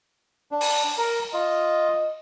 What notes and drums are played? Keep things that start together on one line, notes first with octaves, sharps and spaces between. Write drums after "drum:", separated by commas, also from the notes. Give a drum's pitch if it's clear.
D4
drum: open hi-hat
A#4
F4 D#5